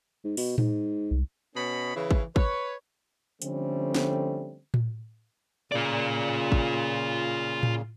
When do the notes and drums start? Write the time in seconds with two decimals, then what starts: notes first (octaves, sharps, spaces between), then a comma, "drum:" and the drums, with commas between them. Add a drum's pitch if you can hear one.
0.24 G#2
0.37 B2, drum: open hi-hat
0.58 G#2, drum: tom A2
1.11 C2
1.56 B2 B3 C#4 D#5 B5
1.96 C#3 E3
2.11 drum: kick
2.36 B4 C#5, drum: kick
3.42 D3 F3 G3 A3 C4 C#4, drum: hi-hat
3.94 drum: snare
4.74 drum: tom A2
5.72 A#2 C#3 F4 D5
6.52 drum: kick
7.63 drum: tom A2